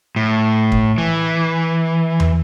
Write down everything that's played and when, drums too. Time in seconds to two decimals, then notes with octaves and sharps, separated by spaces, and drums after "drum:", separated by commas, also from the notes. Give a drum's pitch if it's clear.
0.16 A2
0.72 drum: kick
0.98 E3
2.20 drum: tom E2